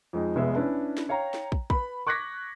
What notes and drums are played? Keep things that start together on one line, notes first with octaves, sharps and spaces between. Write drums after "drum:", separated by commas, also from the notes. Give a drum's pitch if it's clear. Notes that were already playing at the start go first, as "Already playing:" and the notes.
F2 G#3 D#4
F1 G#3 B3 E5
C#4 D4 E4 B4
drum: snare
C#5 F5 G5 A#5
drum: snare
drum: kick
B4 B5, drum: kick
C#6 D6 F#6 G#6 A#6 B6